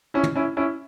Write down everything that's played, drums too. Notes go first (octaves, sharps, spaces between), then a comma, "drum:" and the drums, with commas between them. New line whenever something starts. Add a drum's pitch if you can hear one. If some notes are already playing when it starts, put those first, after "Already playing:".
C#4 E4
drum: tom
C#4 E4
C#4 E4